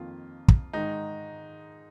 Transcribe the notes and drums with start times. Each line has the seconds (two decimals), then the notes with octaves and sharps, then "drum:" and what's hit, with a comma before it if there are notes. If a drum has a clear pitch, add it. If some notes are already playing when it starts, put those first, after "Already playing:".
Already playing: F2 D#3 A#3 F4
0.48 drum: kick
0.73 G#2 D#3 G#3 D#4